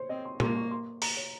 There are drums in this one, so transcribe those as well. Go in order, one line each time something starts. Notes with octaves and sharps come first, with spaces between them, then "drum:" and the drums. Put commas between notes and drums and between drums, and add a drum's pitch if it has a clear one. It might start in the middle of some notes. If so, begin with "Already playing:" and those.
Already playing: C5 C#5
C4 D#5
C6
A#3 C6, drum: tom A#2
C#6
C6
A#5, drum: open hi-hat
C#5